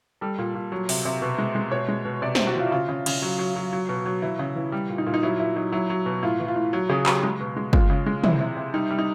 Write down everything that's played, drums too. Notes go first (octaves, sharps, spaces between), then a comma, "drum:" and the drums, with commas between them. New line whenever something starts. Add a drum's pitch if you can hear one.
G3 A4
A#2
A#2
F#3
C3, drum: open hi-hat
C3
B2
G#3
G#3
B2 C#5
G#3
B2
C3 D5
C3 C5, drum: snare
F#4
E3 F4
C#3 F4
C#3
C#3, drum: cymbal
F#3
F#3
F#3
F#3
B2
F#3
E3 E4
C#3
E3
G3
A#2
D#4
A#2
D#4
F#3 E4
A#2 E4
F#3 D#4
F#3 E4
F#3
B2
A2 F4
E3
F4
A2
F#3
C#3 G#4
F#3 G4, drum: clap
G#3
B2
G#3
G#3 F4, drum: kick
C#3
G#3
C3 E4, drum: tom
C3
C3
G3 D#4
G3
D#4